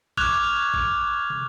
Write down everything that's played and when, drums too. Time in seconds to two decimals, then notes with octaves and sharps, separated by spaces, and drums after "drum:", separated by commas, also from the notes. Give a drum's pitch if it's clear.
0.17 C#6 D6 F6 F#6 G#6 F7, drum: kick
0.74 drum: kick
1.30 drum: tom